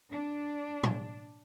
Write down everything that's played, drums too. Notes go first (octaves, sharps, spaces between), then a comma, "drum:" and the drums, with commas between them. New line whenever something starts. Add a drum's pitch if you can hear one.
D4
drum: tom A2